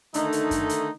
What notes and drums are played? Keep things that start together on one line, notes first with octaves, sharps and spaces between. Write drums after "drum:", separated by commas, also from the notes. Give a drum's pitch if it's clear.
D3 D#3 A3 D#4, drum: hi-hat
drum: hi-hat
drum: kick F#2, hi-hat
drum: hi-hat